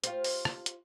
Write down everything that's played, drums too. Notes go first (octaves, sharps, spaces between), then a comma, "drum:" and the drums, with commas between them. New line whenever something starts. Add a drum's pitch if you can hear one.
F4 G4 C5, drum: hi-hat
drum: open hi-hat
drum: rim click
drum: hi-hat